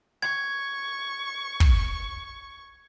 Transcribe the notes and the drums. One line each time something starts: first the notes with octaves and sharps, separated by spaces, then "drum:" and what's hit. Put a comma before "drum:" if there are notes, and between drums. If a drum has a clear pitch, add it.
C#6 G#6
drum: kick